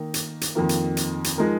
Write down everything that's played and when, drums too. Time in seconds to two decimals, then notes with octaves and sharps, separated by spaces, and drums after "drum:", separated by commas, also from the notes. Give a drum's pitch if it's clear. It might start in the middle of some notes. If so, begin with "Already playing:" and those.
Already playing: D#3 A#3 D#4
0.14 drum: hi-hat
0.41 drum: hi-hat
0.55 F2 D#3 A#3
0.69 drum: hi-hat
0.97 drum: hi-hat
1.24 drum: hi-hat
1.38 F3 G#3 D#4 A#4